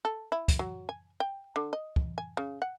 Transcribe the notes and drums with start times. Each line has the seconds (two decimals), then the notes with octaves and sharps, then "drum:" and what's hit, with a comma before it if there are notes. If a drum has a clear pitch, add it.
0.05 A4
0.32 E4
0.48 drum: kick, hi-hat
0.59 F#3
0.89 G#5
1.20 G5
1.56 D3
1.73 D#5
1.96 drum: kick
2.18 G#5
2.37 C#3
2.62 F#5